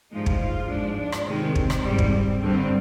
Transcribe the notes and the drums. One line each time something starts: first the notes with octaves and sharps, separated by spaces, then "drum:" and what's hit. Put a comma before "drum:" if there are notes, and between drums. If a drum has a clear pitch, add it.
G2 F3 G#3 D#4
drum: kick
F4
G#2 F3 G#3 D4
D4
drum: rim click
C3 D#3 G#3 C4
drum: kick
drum: rim click
G#2 G3
drum: kick
G2 D3 G3 C4